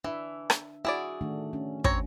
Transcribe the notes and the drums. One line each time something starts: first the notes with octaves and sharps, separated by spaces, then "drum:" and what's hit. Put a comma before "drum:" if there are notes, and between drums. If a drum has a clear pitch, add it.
E3 D4 E5
drum: rim click
E4 F#4 G#4 D5
D#3 A3 D4
C#4
C4 C#5 A#5, drum: kick